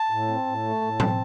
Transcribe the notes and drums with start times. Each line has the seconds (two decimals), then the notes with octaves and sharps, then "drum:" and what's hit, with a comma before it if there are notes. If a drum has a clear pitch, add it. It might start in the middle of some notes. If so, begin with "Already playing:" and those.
Already playing: A5
0.11 A2
0.28 C4
0.46 A2
0.63 A3
0.81 A2
1.00 C4, drum: tom